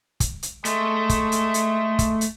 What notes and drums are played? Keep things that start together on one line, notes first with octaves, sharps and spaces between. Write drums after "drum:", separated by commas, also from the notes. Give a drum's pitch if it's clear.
drum: kick, hi-hat
drum: hi-hat
G#3 A3, drum: hi-hat
drum: kick, hi-hat
drum: hi-hat
drum: hi-hat
drum: kick, hi-hat
drum: hi-hat